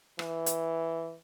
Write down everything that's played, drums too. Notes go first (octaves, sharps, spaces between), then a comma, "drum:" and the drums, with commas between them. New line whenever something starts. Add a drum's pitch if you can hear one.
E3, drum: rim click
drum: hi-hat